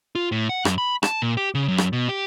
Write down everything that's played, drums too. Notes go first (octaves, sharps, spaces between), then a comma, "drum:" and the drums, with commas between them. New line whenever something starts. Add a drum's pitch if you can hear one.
F4
A2
F#5
F#2, drum: rim click
B5
A5, drum: rim click
A#2
G4
C#3
F#2
drum: rim click
B2
G4